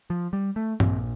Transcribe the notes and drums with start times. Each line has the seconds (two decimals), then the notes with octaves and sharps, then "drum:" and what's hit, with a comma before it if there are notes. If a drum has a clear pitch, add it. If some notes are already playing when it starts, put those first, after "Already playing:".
0.10 F3
0.33 G3
0.56 A3
0.80 A#1 A#2 C4, drum: tom G2